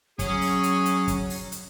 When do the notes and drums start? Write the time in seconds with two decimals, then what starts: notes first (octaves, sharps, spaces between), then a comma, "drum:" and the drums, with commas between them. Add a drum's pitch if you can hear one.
0.19 F#3 C#4 G#4, drum: kick, hi-hat
0.41 drum: open hi-hat
0.63 drum: hi-hat
0.85 drum: hi-hat
1.08 drum: kick, hi-hat
1.30 drum: open hi-hat
1.52 drum: hi-hat